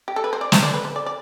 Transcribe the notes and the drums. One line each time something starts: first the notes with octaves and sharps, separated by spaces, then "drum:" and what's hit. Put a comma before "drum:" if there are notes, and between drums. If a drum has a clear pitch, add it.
G4
A4
B4
C5
D5
C5, drum: snare
D5
B4
C5
D5
D5